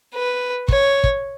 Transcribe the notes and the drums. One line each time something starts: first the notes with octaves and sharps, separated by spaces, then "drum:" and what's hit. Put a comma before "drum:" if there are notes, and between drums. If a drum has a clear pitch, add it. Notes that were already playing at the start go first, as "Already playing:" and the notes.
B4
C#5, drum: kick
drum: kick